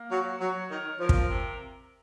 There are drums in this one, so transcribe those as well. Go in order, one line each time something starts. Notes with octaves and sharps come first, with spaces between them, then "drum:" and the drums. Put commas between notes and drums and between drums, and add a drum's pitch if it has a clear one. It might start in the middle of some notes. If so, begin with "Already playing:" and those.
Already playing: A#3
F#3 F#4
F#3 C#5
D#3 A#4
F3 A#4
drum: kick
C3